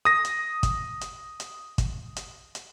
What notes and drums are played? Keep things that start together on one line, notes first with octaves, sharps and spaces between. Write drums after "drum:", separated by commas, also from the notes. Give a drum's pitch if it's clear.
D#6 A#6
drum: hi-hat
drum: kick, hi-hat
drum: hi-hat
drum: hi-hat
drum: kick, hi-hat
drum: hi-hat
drum: hi-hat